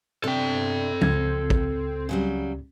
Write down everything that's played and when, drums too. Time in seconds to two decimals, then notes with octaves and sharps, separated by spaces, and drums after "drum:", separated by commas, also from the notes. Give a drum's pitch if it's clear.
0.24 C3 C4 D4 A4 G5
1.01 C#2 F3 G#6, drum: tom
1.50 drum: kick A1
2.09 C#3 F#3 G3